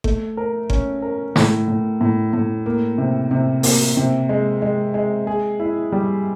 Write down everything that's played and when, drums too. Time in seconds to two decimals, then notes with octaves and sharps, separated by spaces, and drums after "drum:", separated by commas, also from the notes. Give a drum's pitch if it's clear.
0.04 A3, drum: kick G1
0.37 A#4
0.70 C#4, drum: kick G1
1.02 A#4
1.36 A2, drum: snare
1.68 A2
2.01 A2
2.33 A2
2.66 A#3
2.98 C3
3.31 C3
3.63 A#3, drum: open hi-hat
3.97 C3
4.29 G#3
4.62 G#3
4.94 G#3
5.27 G#4
5.60 E4
5.92 G3